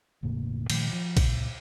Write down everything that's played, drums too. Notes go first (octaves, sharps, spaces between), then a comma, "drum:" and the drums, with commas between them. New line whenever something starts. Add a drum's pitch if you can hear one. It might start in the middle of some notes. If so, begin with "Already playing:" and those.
E1 A2 C#3 A#3
A#2 D#3 F3 A3, drum: cymbal
F3
C#2 A#2, drum: kick A#1, cymbal